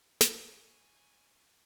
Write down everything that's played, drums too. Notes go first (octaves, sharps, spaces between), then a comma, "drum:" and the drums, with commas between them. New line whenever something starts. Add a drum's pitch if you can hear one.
G#5 C#6, drum: snare